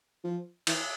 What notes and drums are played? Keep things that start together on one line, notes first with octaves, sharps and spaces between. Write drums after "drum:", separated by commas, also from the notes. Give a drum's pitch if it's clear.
F3
E3, drum: cymbal